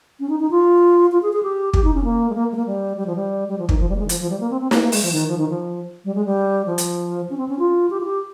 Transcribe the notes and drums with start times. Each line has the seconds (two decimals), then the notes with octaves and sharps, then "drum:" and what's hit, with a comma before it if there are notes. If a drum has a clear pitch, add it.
0.20 C#4
0.29 D#4
0.40 D#4
0.51 F4
1.12 F4
1.23 G#4
1.33 G#4
1.43 G4
1.74 G4, drum: kick
1.84 D#4
1.94 C#4
2.04 A#3
2.30 G#3
2.35 A#3
2.52 G#3
2.56 A#3
2.66 G3
2.97 G3
3.06 F3
3.16 G3
3.48 G3
3.58 F3
3.69 D#3, drum: kick
3.79 F3
3.89 G3
3.96 A#3
3.99 G#3
4.06 D#3
4.09 F3, drum: hi-hat
4.20 F3
4.30 G3
4.40 A#3
4.50 C4
4.61 C4
4.71 A#3, drum: snare
4.81 A#3
4.92 G#3, drum: open hi-hat
5.03 F3
5.12 D#3
5.28 F3
5.38 D#3
5.49 F3
6.05 G3
6.15 G#3
6.26 G3
6.66 F3
6.78 drum: hi-hat
7.30 C#4
7.38 C4
7.49 C#4
7.59 F4
7.90 G4
8.00 F4
8.05 G4